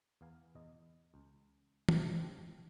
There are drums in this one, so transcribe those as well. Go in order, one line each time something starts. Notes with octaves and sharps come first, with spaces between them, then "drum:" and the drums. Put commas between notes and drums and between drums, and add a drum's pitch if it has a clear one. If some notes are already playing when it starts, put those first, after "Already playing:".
E2 B3 F5 G#5 A#5
E2 D#5
C#2
drum: tom
F3 C4 F4 G4 A5